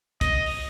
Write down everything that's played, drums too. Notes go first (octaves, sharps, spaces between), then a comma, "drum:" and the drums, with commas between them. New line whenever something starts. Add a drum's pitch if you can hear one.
D#5, drum: kick, hi-hat
drum: open hi-hat